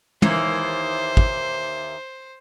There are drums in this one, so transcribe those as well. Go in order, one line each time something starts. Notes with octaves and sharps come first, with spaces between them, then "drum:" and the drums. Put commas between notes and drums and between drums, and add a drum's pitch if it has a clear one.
D#2 E3 A#3 C5, drum: tom
drum: kick